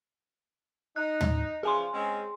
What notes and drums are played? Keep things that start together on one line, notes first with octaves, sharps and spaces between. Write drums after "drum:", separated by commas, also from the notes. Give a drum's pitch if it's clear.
D#4 F#6
drum: tom
C#3 E3 F3 G#4 G#5 C6
G#3 C4 C#4